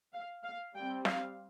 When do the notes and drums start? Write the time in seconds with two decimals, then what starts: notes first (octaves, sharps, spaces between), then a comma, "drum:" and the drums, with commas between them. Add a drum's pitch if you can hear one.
0.13 F5
0.44 F5
0.75 G3 C4 G5
1.05 F5, drum: snare